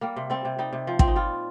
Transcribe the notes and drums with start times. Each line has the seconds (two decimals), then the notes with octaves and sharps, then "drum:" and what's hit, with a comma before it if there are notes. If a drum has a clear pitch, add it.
0.01 G3 A#3
0.16 C3
0.30 G3 C4
0.45 C3
0.59 G3 D#4
0.73 C3
0.87 F3
0.99 A#2 C4, drum: kick
1.07 D#4
1.15 G3 F4